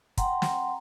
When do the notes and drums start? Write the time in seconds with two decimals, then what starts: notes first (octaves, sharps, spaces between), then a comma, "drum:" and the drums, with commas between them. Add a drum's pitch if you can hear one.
0.18 F#5 G5 A#5 C6, drum: kick, hi-hat
0.42 drum: snare